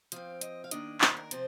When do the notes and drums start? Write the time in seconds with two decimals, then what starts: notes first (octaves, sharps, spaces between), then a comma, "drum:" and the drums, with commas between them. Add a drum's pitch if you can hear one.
0.12 F3 C4 F5, drum: hi-hat
0.41 D#5, drum: hi-hat
0.64 F5
0.71 D#3 A#3 D4 D#5, drum: hi-hat
1.01 C5, drum: clap
1.17 A#4
1.31 C3 F3 C4 C5, drum: hi-hat